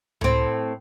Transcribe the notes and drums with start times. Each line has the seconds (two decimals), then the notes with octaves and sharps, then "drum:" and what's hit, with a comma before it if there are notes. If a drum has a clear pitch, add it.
0.21 A2 C4, drum: tom C#2